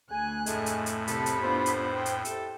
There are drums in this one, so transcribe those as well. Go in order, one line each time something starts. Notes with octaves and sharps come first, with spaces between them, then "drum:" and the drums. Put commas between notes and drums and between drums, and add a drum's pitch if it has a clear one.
D2 G#5 F#6
F2 A2 G#3 A3 G#5, drum: hi-hat
drum: hi-hat
drum: hi-hat
C2 C3 A4 B5, drum: hi-hat
drum: hi-hat
B3 D4 F4 C5
drum: hi-hat
G5
drum: hi-hat
E4 G4 A4, drum: hi-hat